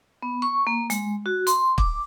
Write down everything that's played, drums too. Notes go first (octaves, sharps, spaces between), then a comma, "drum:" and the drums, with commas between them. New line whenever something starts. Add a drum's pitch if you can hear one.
B3
C#6
A#3
G#3, drum: hi-hat
F#4
C6, drum: hi-hat
D6, drum: kick